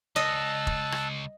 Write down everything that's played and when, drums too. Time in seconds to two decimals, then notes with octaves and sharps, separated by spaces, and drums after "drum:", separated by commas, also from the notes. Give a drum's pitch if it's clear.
0.16 C#2 D#5 A5 E6 F#6
0.67 drum: kick F1
0.92 drum: rim click